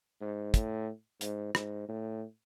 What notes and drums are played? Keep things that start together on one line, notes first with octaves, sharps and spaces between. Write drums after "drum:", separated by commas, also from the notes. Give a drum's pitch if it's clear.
G#2
A2, drum: kick, hi-hat
G#2, drum: hi-hat
G#2, drum: rim click
A2